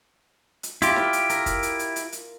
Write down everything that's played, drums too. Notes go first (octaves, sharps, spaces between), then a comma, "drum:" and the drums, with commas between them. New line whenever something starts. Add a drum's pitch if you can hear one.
drum: hi-hat
E4 F4 G4, drum: hi-hat
drum: snare
drum: hi-hat
A#4, drum: hi-hat
drum: kick, hi-hat
drum: hi-hat
drum: hi-hat
drum: hi-hat
drum: hi-hat